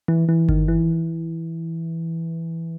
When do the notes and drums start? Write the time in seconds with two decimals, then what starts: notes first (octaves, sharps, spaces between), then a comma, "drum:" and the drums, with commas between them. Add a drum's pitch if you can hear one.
0.08 E3
0.29 E3
0.49 D#3, drum: kick G1
0.68 E3